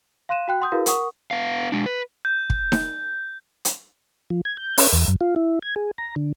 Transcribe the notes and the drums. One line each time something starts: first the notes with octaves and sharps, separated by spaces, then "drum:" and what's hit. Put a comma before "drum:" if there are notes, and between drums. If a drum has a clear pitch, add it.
F5 C6 F#6 D#7 E7
F#4 G5 F#6
F#5 C6 D#6 G6
E4 F#4 G#4 A#4 B4 F5
A#4 F#5 C#6 D#6, drum: hi-hat
B3 F5
G#3 D4
B4
G6
drum: kick
drum: snare D#4
drum: hi-hat
F3
G#6
G6
C#4, drum: open hi-hat
E2
F#2
F4
E4
G#6
G#4
A#5
D3